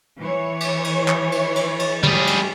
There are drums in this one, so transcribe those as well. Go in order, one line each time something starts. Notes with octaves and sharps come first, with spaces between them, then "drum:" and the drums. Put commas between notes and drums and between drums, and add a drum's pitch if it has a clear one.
E3 C#5
drum: cymbal
drum: cymbal
drum: clap
drum: cymbal
drum: cymbal
drum: cymbal
G3 G#4, drum: tom
drum: cymbal